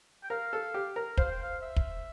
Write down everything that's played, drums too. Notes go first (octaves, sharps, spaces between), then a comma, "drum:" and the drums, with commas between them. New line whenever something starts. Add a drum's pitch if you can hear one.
G5
A#4 F5
A4
G4
A#4
C5 F5, drum: kick
G5
F5
E5
drum: kick